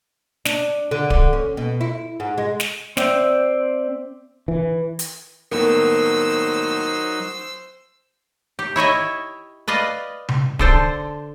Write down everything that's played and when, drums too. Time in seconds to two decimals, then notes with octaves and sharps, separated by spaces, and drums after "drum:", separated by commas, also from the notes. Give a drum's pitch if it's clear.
0.45 D4, drum: snare
0.91 D3
1.10 D3, drum: kick D1
1.33 C#4
1.57 B2
1.81 E4
2.20 G#2
2.38 G#3
2.60 drum: snare
2.97 C4 C5 D5 E5 G5, drum: snare
4.48 E3
4.99 drum: hi-hat
5.52 D#2 A2 F#3 B3 D#4 A#4 C5 E6
8.59 G4
8.76 E4 C#5 D#5 E5
9.68 B4 D5 D#5 F5
10.29 drum: tom C3
10.59 D3 A4 C5, drum: kick D1